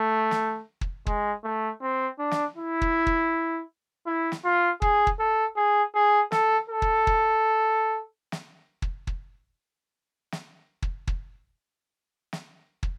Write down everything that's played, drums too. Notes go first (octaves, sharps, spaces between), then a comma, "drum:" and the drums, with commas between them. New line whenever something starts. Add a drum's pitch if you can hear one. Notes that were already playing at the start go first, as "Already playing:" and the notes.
Already playing: A3
drum: snare
drum: kick
G#3, drum: kick
A3
C4
D4
drum: snare
E4
drum: kick
drum: kick
E4
drum: snare
F4
G#4, drum: kick
drum: kick
A4
G#4
G#4
A4, drum: snare
A4
drum: kick
drum: kick
drum: snare
drum: kick
drum: kick
drum: snare
drum: kick
drum: kick
drum: snare
drum: kick